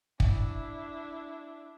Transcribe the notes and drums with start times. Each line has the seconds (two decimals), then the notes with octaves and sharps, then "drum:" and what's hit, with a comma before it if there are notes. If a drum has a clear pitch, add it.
0.20 D4 E4, drum: kick